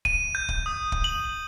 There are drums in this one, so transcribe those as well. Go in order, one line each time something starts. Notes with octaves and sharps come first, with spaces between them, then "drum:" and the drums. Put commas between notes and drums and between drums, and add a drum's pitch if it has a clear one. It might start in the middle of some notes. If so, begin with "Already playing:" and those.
D#7, drum: kick
G6
drum: kick
D#6
drum: kick
F#7